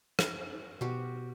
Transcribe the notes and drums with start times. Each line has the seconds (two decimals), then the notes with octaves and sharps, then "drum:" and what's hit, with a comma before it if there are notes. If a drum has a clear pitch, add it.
0.19 drum: rim click
0.81 B2 F#4 G4